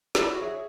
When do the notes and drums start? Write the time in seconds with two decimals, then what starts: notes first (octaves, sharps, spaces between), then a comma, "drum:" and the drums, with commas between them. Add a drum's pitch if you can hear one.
0.15 E4, drum: snare
0.29 F#4
0.41 G#4 C#5 E5